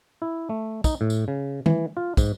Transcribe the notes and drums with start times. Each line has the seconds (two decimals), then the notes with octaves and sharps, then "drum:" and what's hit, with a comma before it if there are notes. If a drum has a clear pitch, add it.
0.22 E4
0.49 A3
0.84 D#4, drum: kick, tambourine
1.01 A2
1.10 drum: tambourine
1.28 C#3
1.66 E3, drum: tom
1.97 F4
2.17 G#2, drum: kick, tambourine